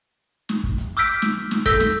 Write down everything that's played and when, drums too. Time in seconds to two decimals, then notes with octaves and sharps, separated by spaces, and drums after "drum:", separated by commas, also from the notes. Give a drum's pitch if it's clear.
0.49 drum: snare
0.64 drum: kick
0.78 drum: hi-hat
0.97 D6 E6 F6 G6 B6 D7
1.07 drum: hi-hat
1.22 drum: snare
1.51 drum: snare
1.66 A4 E6 G6 B6, drum: kick, hi-hat
1.80 drum: snare